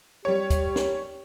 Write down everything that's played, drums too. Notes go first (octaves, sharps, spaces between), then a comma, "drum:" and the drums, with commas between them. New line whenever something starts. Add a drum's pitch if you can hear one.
G3 G4 C#5
drum: kick, hi-hat
drum: snare